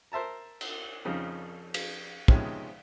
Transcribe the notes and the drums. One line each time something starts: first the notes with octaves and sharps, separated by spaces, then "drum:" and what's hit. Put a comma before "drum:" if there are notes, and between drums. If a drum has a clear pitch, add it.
A#4 C5 E5 A5 A#5
drum: cymbal
F2 C#3 F3 D#4
drum: cymbal
C3 D#3 F3 G#3 B3 C#4, drum: kick